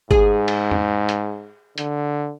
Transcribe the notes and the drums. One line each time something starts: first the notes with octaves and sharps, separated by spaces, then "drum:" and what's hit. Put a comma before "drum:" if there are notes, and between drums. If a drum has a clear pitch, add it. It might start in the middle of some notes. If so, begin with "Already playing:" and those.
G#2 G#4, drum: kick
drum: cymbal
drum: tom E2
drum: hi-hat
D3, drum: hi-hat